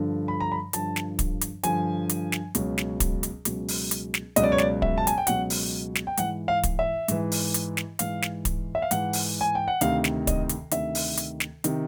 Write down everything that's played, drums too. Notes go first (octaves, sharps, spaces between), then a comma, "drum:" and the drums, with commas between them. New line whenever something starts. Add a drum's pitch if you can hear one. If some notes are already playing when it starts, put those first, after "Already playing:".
Already playing: G2 D3 F3
B5
A#5
B5
G2 D3 F3 A5, drum: hi-hat
drum: snare
drum: kick, hi-hat
drum: hi-hat
G2 D3 F3 G#5, drum: hi-hat
drum: hi-hat
drum: snare
C#2 B2 F#3, drum: hi-hat
drum: snare
drum: kick, hi-hat
drum: hi-hat
C#2 B2 F#3, drum: hi-hat
drum: open hi-hat
drum: hi-hat
drum: snare
C#2 B2 F#3 D#5, drum: hi-hat
D5
C#5
D5, drum: snare
E5, drum: kick
A5
G#5, drum: hi-hat
G5
C#2 B2 F#3 F#5, drum: hi-hat
drum: open hi-hat
drum: snare
G5
G#2 E3 F#5, drum: hi-hat
F5
drum: kick, hi-hat
E5
G#2 E3, drum: hi-hat
drum: open hi-hat
drum: hi-hat
drum: snare
G#2 E3 F5, drum: hi-hat
drum: snare
drum: kick, hi-hat
E5
F5
G#2 E3 F#5, drum: hi-hat
drum: open hi-hat
G#5
G5
F#5
D2 C3 D#3 F5, drum: hi-hat
drum: snare
D#5, drum: kick, hi-hat
drum: hi-hat
D2 C3 D#3 E5, drum: hi-hat
drum: open hi-hat
drum: hi-hat
drum: snare
C3 D#3, drum: hi-hat